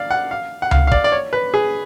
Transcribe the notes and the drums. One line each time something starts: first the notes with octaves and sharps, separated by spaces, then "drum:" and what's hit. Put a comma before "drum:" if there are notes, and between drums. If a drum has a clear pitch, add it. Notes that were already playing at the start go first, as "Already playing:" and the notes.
Already playing: D5 F5
F#5
F5
F#5
F5, drum: tom C#2
F5
D5, drum: kick
D5
C#5
B4
G#4